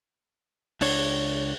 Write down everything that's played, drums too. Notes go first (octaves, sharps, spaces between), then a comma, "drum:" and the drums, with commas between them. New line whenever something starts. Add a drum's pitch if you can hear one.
C#2 D4 C#5, drum: open hi-hat